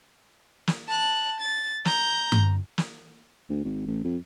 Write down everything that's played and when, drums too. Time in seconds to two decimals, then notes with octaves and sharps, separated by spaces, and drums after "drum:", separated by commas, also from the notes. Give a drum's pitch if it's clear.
0.67 drum: snare
0.88 A5 F#6
1.40 A6
1.85 A#5 G6, drum: snare
2.32 drum: tom G2
2.78 drum: snare
3.50 D2
3.64 G#1
3.87 A1
4.04 F2